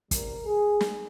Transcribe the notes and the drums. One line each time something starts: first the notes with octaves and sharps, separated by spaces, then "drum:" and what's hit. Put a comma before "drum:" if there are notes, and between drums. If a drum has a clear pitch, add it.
E2 C3 G3 A#4, drum: kick, hi-hat
G#4
drum: snare